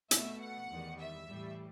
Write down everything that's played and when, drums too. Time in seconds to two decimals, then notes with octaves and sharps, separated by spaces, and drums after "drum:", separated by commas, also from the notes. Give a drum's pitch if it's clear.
0.11 B2 A3 E5, drum: hi-hat
0.40 F#5
0.69 E2 D#3 G3
0.98 E5
1.27 A2 E3 G3